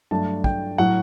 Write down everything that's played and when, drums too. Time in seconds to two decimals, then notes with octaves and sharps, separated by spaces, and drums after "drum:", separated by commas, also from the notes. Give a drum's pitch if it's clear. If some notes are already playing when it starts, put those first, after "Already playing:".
0.11 G2 F#3 A3 D4 A5
0.44 G5, drum: kick
0.78 A2 F#3 F#5